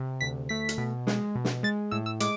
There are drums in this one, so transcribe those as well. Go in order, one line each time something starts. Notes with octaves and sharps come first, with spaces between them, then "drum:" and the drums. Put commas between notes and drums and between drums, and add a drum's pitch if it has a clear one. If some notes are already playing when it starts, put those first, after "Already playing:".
Already playing: C3
D2 B6
A3 B6
drum: hi-hat
B2
G#3, drum: snare
B2
drum: snare
G#3 A6
A2 E6
E6
G#3 D6, drum: hi-hat